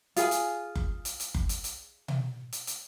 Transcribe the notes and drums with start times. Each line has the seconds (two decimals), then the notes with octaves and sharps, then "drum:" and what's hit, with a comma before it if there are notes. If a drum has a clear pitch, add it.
0.16 F4 G#4 G#5, drum: hi-hat
0.31 drum: hi-hat
0.75 drum: kick F#1
1.05 drum: hi-hat
1.20 drum: hi-hat
1.34 drum: kick F#1
1.49 drum: hi-hat
1.64 drum: hi-hat
2.08 drum: tom B2
2.53 drum: hi-hat
2.67 drum: hi-hat